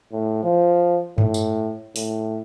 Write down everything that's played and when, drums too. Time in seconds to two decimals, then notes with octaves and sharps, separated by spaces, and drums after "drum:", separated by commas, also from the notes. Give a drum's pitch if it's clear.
0.13 A2
0.44 F3
1.18 A2, drum: tom G2
1.34 drum: tambourine
1.96 A2, drum: open hi-hat